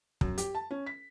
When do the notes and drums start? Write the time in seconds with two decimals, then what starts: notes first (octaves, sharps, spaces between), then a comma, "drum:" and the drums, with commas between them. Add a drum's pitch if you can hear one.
0.21 F#2, drum: kick
0.38 G4, drum: hi-hat
0.55 A5
0.71 C#4
0.86 B6